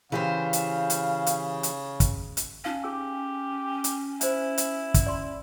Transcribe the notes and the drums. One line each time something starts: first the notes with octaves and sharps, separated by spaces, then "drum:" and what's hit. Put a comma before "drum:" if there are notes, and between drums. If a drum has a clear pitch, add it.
C#3 E3 G4 C5 F5
drum: hi-hat
drum: hi-hat
drum: hi-hat
drum: hi-hat
drum: kick, hi-hat
drum: hi-hat
C#4 D#4 F5
G4 G#4 E6
drum: hi-hat
E4 C5 G#5, drum: hi-hat
drum: hi-hat
drum: kick, hi-hat
D5 C6